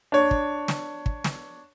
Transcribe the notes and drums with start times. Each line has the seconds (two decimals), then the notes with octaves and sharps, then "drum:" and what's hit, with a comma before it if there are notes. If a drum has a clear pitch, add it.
0.12 D4 C#5
0.31 drum: kick
0.68 drum: snare
1.06 drum: kick
1.24 drum: snare